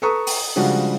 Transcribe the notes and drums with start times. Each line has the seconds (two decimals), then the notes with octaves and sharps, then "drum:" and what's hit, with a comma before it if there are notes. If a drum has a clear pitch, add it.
0.02 A4 B4 A#5 C#6 D#6
0.27 drum: open hi-hat
0.56 C#3 F3 G3 G#3 D4 F#4